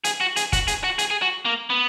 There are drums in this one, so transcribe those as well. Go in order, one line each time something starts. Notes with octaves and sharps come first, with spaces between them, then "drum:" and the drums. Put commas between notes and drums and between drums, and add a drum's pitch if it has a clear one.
G#4, drum: hi-hat
F#4
G#4, drum: hi-hat
F#4, drum: kick, hi-hat
G#4, drum: hi-hat
F#4
G#4, drum: hi-hat
G#4
F#4
A#3
B3